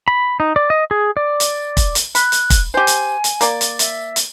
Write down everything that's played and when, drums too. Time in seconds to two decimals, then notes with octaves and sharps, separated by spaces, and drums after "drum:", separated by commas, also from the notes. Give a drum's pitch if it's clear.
0.08 B5
0.40 D#4
0.56 D5
0.70 D#5
0.91 G#4
1.17 D5
1.40 drum: hi-hat
1.77 drum: kick, hi-hat
1.95 drum: hi-hat
2.15 B5 F#6, drum: hi-hat
2.32 drum: hi-hat
2.50 drum: kick, hi-hat
2.74 G4 C5 G#5
2.87 drum: hi-hat
3.24 drum: hi-hat
3.41 A#3 D5, drum: hi-hat
3.61 drum: hi-hat
3.79 E5, drum: hi-hat
4.16 drum: hi-hat